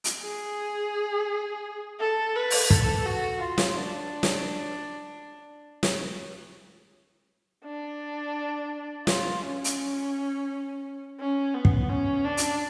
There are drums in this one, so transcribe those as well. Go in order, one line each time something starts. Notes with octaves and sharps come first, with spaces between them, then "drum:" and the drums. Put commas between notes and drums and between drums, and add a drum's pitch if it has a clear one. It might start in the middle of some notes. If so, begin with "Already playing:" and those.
drum: hi-hat
G#4
A4
B4
drum: open hi-hat
A4, drum: kick
F#4
F4
drum: snare
D4
drum: snare
drum: snare
D4
F4, drum: snare
C#4
drum: hi-hat
C#4
B3
drum: kick
C#4
D4
drum: hi-hat